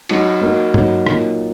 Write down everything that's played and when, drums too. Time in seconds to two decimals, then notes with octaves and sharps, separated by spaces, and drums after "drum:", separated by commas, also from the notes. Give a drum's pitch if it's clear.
0.09 F#3 D#4 F#4, drum: cymbal
0.42 F#3 A#3 D#4 F#4
0.74 F#3 A#3 D#4 F#4, drum: tom G2
1.07 A#2 F#3 A#3 D#4, drum: rim click